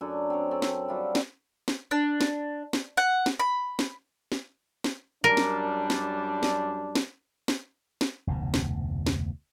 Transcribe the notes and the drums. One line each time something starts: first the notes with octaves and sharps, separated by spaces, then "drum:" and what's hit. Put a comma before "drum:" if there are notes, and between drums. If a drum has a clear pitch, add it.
F#2 D4 A4
C4 C#5
C4 A4
drum: snare
G3 F4 F#4
drum: snare
drum: snare
D4
drum: snare
drum: snare
F#5
drum: snare
B5
drum: snare
drum: snare
drum: snare
F#2 G3 D4 A#4
drum: snare
drum: snare
drum: snare
drum: snare
drum: snare
drum: snare
F1 D2 G#2 B2
drum: snare
drum: snare